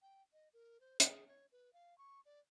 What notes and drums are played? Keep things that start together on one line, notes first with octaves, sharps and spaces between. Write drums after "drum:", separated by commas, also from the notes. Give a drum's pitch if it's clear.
G5
D#5
A#4
C5
G#4, drum: hi-hat
C#5
B4
F5
C#6
D5